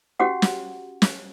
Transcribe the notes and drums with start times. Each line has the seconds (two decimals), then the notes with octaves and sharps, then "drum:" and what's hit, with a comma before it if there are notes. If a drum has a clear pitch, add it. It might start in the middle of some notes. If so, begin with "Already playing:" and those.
0.20 C#4 F#4 G4 F#5
0.42 drum: snare
1.02 drum: snare